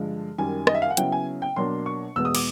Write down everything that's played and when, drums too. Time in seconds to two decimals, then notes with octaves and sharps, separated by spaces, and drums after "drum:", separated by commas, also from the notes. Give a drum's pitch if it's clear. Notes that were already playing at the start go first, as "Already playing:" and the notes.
Already playing: G2 D3 F3 G#3
0.38 F#2 D#3 G3 G#5
0.67 D#5, drum: rim click
0.75 E5
0.82 F5
0.90 F#5
0.97 C#3 F#3 B3 E4 G5, drum: hi-hat
1.12 G#5
1.42 G5
1.56 B2 F#3 A#3 D4 C6
1.86 C#6
2.16 E2 B2 G#3 B3 E6
2.25 D#6
2.35 D6, drum: cymbal